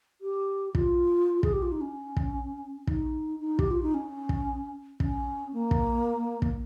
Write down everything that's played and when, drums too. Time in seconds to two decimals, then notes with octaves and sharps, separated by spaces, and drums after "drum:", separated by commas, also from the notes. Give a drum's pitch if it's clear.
0.21 G4
0.75 F4, drum: kick
1.43 G#4, drum: kick
1.53 G4
1.62 F4
1.72 D#4
1.81 C#4
2.17 drum: kick
2.87 D#4, drum: kick
3.40 D#4
3.59 G4, drum: kick
3.71 F4
3.82 D#4
3.94 C#4
4.29 drum: kick
5.00 C#4, drum: kick
5.53 A#3
5.71 drum: kick
6.42 drum: kick